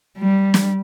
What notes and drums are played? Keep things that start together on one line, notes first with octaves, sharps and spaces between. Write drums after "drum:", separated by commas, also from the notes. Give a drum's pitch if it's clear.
G3
drum: snare